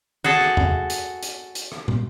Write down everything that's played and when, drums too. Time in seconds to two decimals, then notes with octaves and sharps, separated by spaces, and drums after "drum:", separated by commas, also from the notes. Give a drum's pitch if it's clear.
0.24 F#4 G#4 A4
0.41 drum: rim click
0.57 drum: tom E2
0.90 drum: hi-hat
1.23 drum: hi-hat
1.55 drum: hi-hat
1.72 drum: rim click
1.88 drum: tom